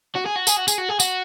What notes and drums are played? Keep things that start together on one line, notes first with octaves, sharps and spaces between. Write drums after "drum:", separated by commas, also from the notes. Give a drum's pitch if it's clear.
F#4
G#4
F#4
G#4, drum: tambourine
F#4
G#4, drum: tambourine
F#4
G#4
F#4, drum: tambourine